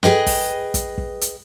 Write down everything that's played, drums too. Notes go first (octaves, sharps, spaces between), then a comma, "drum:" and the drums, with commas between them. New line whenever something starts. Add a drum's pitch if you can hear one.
G#4 B4 D#5 G5, drum: snare
drum: kick, open hi-hat
drum: kick, hi-hat
drum: kick
drum: hi-hat